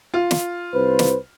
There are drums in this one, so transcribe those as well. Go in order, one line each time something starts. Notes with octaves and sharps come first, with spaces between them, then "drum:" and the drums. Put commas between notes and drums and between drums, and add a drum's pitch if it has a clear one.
F4
drum: snare
C2 B4 C5
drum: snare